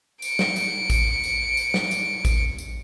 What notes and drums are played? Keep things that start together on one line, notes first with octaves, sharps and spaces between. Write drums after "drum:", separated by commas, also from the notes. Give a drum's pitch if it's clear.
C#7 D7, drum: tambourine
drum: snare
drum: tambourine
drum: kick A1, tambourine
drum: tambourine
drum: tambourine
drum: snare
drum: tambourine
drum: kick A1, tambourine
drum: tambourine